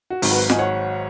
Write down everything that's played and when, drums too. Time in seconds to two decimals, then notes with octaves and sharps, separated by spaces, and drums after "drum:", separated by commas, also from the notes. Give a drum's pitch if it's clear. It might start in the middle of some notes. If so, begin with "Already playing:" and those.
0.10 F#4
0.22 G#1 G#2 D#3 F#3, drum: open hi-hat
0.31 F#4 B4
0.50 D#5 G#5, drum: snare F4
0.59 C#5 F#5